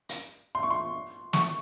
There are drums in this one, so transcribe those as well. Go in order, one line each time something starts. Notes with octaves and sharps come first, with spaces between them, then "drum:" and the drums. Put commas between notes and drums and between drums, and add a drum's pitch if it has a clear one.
drum: hi-hat
C6
C#6
C6
C#6, drum: snare